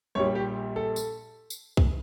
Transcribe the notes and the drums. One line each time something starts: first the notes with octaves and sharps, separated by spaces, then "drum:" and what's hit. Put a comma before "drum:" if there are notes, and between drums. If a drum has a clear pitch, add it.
A#1 A#2 G3 C#5
G4
A4
drum: tambourine
drum: tambourine
drum: kick